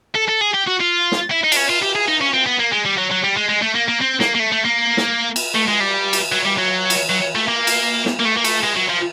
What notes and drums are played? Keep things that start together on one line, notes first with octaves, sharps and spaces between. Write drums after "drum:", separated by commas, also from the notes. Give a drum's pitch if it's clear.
A4
A4
G#4
G4
F#4
F4
drum: snare
E4
D#4
D4, drum: cymbal
C#4
F4
G4
G#4
D#4
C#4
C4
B3
A#3
G#3
G3
F#3
F#3
G3
G#3
G#3
A3
A#3
A#3
C4
A#3, drum: snare
A#3
A3
A3
A#3
drum: snare
drum: cymbal
A3
G#3
G3
drum: cymbal
F#3
G3
F#3
drum: cymbal
F#3
A3
A#3
drum: cymbal
drum: snare
A#3
A3
A#3
A3, drum: cymbal
G#3
F#3
F3